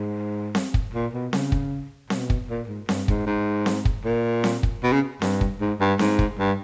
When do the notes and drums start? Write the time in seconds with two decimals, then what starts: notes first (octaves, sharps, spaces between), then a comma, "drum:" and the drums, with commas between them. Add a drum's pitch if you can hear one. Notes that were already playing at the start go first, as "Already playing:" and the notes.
Already playing: G#2
0.55 drum: snare C4
0.74 drum: kick
0.94 A#2
1.14 B2
1.33 C#3, drum: snare C4
1.52 drum: kick
2.10 B2, drum: snare C4
2.30 drum: kick
2.49 A#2
2.68 G#2
2.89 G2, drum: snare C4
3.08 G#2, drum: kick
3.26 G#2
3.66 drum: snare C4
3.85 drum: kick
4.04 A#2
4.44 drum: snare C4
4.63 drum: kick
4.83 B2
4.93 C#3
5.22 G2, drum: snare C4
5.41 drum: kick
5.60 G#2
5.80 G2
5.99 G#2, drum: snare C4
6.19 drum: kick
6.39 G2